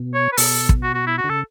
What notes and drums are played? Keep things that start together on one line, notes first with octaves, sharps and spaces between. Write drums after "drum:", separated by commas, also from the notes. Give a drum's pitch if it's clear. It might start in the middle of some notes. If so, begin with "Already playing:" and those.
Already playing: B2
C#5
B4
B2 A4, drum: open hi-hat
drum: kick
F#4
F#4
E4
F#4
D3
C#3 A4